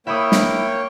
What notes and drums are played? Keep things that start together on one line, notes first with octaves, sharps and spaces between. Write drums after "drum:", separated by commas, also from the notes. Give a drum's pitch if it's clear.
A#3 E4 C#5 E5 G5 B5 D#6
drum: snare